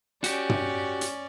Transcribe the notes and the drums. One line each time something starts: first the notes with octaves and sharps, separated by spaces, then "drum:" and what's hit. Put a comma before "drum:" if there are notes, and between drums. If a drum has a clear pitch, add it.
C#4 F#4 G4 D5, drum: hi-hat
drum: tom
drum: hi-hat